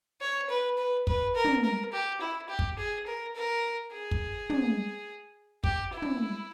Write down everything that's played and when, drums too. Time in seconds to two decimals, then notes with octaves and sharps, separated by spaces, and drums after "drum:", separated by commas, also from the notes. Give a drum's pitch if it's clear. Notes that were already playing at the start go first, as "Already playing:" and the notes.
0.21 C#5
0.49 B4
0.77 B4
1.07 B4, drum: kick
1.35 A#4
1.44 drum: tom
1.64 A#4
1.92 G4
2.21 E4
2.49 G4
2.59 drum: kick
2.78 G#4
3.06 A#4
3.35 A#4
3.92 G#4
4.11 drum: kick
4.50 drum: tom
5.64 G4, drum: kick
5.93 E4
6.02 drum: tom